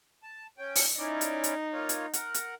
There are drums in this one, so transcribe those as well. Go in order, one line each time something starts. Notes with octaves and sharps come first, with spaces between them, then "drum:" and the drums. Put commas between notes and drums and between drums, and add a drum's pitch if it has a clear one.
A5
C#4 G5
drum: open hi-hat
C#4 D#4 E4 D5
drum: hi-hat
drum: hi-hat
A#3 F4 C#5
drum: hi-hat
A#4 F#5, drum: hi-hat
drum: hi-hat